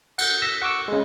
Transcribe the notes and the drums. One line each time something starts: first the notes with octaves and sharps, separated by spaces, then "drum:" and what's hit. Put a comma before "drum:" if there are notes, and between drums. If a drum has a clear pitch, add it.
F#5 G6, drum: cymbal
E6 A#6 B6
F#5 C#6 D6 E6
C#3 G#3